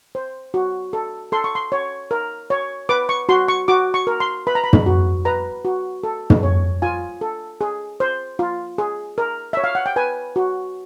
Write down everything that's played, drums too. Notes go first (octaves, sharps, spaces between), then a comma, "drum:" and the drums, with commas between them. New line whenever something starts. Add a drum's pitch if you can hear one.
C5
F#4
A4
A4 C6
C#6
C6
C#5
A#4
C#5
B4 D6
C#6
F#4 C6
C#6
F#4 D6
C#6
A#4
C6
B4 B5
A#5
B5
drum: tom
F#4
B4 A#5
F#4
A4
drum: tom
C#5
F4 G#5
A4
G#4
C5
F4
G#4
A#4
C#5 E5
F5
F#5
G5
B4 G#5
F#4